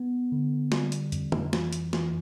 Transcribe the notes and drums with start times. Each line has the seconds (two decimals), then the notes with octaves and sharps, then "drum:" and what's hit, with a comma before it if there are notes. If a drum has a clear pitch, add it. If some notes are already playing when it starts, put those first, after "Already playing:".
Already playing: B3
0.32 D3
0.72 G3, drum: snare
0.92 drum: hi-hat
1.12 F2, drum: hi-hat
1.32 drum: tom
1.53 E3, drum: snare
1.73 drum: hi-hat
1.93 E3, drum: snare